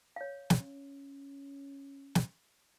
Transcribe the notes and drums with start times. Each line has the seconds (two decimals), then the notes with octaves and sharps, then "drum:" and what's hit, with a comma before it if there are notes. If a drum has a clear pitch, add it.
0.16 C#5 F5
0.50 drum: snare
0.61 C#4
2.15 drum: snare